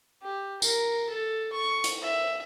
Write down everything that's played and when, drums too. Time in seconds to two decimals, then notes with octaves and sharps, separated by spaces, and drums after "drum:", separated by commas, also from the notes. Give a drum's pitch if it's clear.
0.22 G4
0.62 A#4, drum: tambourine
1.10 A4
1.53 C#6
1.84 drum: hi-hat
2.03 E5